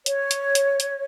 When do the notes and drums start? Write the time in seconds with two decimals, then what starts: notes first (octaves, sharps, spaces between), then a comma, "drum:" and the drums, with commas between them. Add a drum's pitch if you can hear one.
0.06 C#5, drum: hi-hat
0.31 drum: hi-hat
0.55 drum: hi-hat
0.80 drum: hi-hat